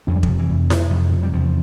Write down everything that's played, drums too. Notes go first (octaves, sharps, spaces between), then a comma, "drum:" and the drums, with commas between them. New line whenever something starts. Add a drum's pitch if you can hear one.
F2 D4
G3
C3 F3, drum: kick E1
E3
F2
C3, drum: snare E4
F2
C3
G3
E2 F3